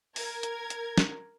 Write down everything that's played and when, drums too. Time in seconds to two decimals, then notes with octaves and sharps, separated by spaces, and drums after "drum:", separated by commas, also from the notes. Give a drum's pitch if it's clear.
0.16 A#4 G#6, drum: open hi-hat
0.43 drum: hi-hat
0.70 drum: hi-hat
0.98 drum: snare